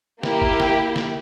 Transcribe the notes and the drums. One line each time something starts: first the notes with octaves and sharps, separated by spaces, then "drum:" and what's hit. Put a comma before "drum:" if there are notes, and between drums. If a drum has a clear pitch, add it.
A#3 E4 G4, drum: snare
drum: kick G1
drum: snare
drum: snare